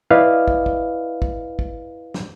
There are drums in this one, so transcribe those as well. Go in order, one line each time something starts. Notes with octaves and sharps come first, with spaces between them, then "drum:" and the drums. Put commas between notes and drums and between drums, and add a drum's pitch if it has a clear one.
E4 B4 D5 D#5 F5
drum: kick
drum: kick
drum: kick
drum: kick
drum: snare